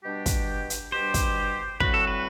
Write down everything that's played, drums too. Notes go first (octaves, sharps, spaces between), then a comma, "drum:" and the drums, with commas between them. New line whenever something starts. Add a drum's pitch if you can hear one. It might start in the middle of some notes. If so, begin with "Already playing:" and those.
B2 G3 D4 G4
drum: kick, hi-hat
drum: hi-hat
B2 G3 D4 G4 C5
drum: kick, hi-hat
A2 G3 C4 F#4 B4, drum: kick
A4
B4